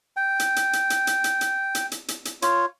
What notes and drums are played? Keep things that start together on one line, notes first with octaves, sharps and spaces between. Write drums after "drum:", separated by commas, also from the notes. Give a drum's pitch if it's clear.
G5
drum: hi-hat
drum: hi-hat
drum: hi-hat
drum: hi-hat
drum: hi-hat
drum: hi-hat
drum: hi-hat
drum: hi-hat
drum: hi-hat
drum: hi-hat
drum: hi-hat
F4 C#5, drum: hi-hat